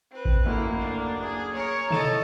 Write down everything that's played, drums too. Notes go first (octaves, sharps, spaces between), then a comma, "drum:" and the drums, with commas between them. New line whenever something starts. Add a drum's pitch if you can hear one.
C4 B4
drum: kick G#1
F#1 D2 A#3 E4
D4
G#4
A#4 C#5
E4 A4 D#5 E7, drum: tom B2